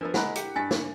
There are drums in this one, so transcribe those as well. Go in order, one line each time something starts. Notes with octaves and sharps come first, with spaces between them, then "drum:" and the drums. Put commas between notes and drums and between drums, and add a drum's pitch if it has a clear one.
F3 B3 D4 A#4 D#5
G#3 E4 F#5 B5 F#6, drum: snare
G4 G5 C#7, drum: hi-hat
G2 G4 G#5 A6 B6
drum: snare